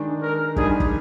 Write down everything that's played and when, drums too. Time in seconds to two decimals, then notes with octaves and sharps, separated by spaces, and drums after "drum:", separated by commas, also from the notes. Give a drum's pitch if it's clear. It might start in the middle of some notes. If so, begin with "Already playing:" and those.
Already playing: D#3 G#3 D4
0.22 A#4
0.56 G#2 G3 D4 G4 G#4, drum: kick
0.80 drum: kick